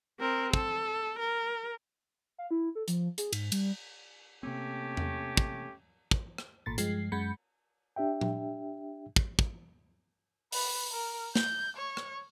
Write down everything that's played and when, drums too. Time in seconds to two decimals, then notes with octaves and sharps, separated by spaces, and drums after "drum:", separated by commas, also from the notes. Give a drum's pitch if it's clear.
0.20 C4 A#4
0.54 A4, drum: kick
1.20 A#4
2.38 F5
2.51 E4
2.75 A4
2.88 F3, drum: hi-hat
3.18 G#4, drum: hi-hat
3.33 G#2, drum: cymbal
3.52 G3, drum: cymbal
4.43 C3 A3 A#3 C4 C#4 G4
4.97 drum: tom E2
5.37 drum: kick
6.11 drum: kick
6.38 drum: rim click
6.66 A1 A#2 A6
6.78 G2 F3 G#3 C7, drum: hi-hat
7.12 F#2 G#3 B5 G6 C#7
7.96 D4 G4 E5 G5
8.21 drum: tom A#2
9.16 drum: kick
9.39 drum: kick
10.52 B4, drum: open hi-hat
10.92 A#4
11.35 G6, drum: snare
11.77 C#5
11.97 drum: rim click